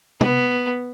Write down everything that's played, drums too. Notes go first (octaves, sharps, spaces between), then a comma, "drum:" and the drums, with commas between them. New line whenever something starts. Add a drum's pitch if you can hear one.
B3, drum: tom